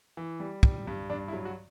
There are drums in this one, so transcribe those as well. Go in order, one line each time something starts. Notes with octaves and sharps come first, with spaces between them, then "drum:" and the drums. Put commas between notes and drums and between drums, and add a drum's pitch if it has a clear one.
E3
G3
G3, drum: kick
G2
G2 D4
E4
F#3
F#4